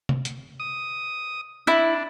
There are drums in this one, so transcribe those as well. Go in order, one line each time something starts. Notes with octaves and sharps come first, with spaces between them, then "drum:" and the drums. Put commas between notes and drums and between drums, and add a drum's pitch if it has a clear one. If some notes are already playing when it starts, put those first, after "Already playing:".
drum: tom
drum: hi-hat
D#6
D4 E4